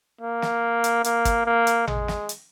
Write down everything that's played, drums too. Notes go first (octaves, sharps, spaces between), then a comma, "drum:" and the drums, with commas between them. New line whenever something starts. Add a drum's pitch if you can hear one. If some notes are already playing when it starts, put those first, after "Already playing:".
A#3
drum: snare
drum: hi-hat
A#3, drum: hi-hat
drum: kick, hi-hat
A#3
drum: hi-hat
G#3, drum: tom A1
drum: snare
drum: hi-hat